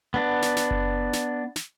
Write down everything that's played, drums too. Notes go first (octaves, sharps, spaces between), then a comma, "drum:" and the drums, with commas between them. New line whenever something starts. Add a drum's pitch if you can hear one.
B3 D4
drum: snare
drum: snare
drum: kick F#1
drum: snare
drum: snare